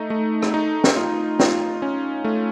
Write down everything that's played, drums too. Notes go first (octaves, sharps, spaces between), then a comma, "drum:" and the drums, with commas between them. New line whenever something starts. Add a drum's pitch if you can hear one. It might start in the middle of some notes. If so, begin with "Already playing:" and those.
Already playing: A3 D#4
A3
drum: rim click
D#4
drum: snare
F4
F4, drum: snare
C#4
A3